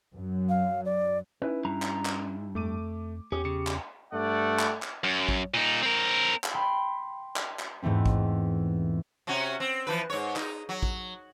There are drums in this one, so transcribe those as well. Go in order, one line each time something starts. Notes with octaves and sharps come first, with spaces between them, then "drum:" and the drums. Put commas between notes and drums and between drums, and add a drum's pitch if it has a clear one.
F#2 F#3
F5
D5
C#4 D#4 E4 B4
G2 A#5
drum: clap
drum: clap
F2 A3 D6 D#7
E2 C#4 G4
C#3 C#7
drum: clap
G2 A3 D5 F#5
drum: clap
drum: clap
F#2
drum: kick A1
A#2 D#4
C4 A#4
drum: clap
G5 B5 C6
drum: clap
drum: clap
E2 G#2 E3 A3 C4
drum: kick A1
C3 C#4 F#4
C4
E3 F3 B4
G#2 C#5
D#4, drum: clap
F#3
drum: kick A1